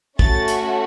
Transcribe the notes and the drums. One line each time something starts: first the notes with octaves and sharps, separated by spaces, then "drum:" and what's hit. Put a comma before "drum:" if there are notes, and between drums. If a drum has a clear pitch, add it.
A3 C#4 F#4 A6, drum: kick
drum: hi-hat